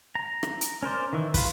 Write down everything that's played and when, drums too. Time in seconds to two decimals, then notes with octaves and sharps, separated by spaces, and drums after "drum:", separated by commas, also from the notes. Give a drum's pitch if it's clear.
0.15 A#5
0.43 drum: rim click
0.61 drum: hi-hat
0.83 C#4 A#4 C5 D5
1.13 D#3 E3
1.34 F4 B4, drum: kick, open hi-hat